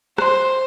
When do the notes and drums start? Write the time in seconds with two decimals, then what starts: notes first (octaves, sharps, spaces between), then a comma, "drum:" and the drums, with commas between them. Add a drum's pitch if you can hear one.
0.18 C5, drum: rim click